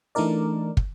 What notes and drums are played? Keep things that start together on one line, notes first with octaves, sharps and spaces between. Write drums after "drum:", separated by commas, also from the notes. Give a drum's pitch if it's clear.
E3 A3 D4 D#4 A#4 D5
drum: kick